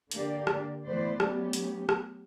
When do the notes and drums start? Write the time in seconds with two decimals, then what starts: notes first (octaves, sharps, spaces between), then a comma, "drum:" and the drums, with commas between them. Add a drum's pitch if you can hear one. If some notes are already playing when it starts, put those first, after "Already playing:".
0.11 D3 A#3 G4 D5, drum: hi-hat
0.47 drum: rim click
0.86 A2 E3 B3 B4 C5 D5
1.20 F#3 A3 B3 C#4 G4, drum: rim click
1.53 drum: hi-hat
1.89 drum: rim click